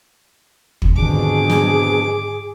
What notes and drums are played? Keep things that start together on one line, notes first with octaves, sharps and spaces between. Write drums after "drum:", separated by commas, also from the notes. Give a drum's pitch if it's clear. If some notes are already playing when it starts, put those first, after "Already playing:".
drum: kick
F2 G#2 B2 D3 D#3 D4 G#4 D6
drum: snare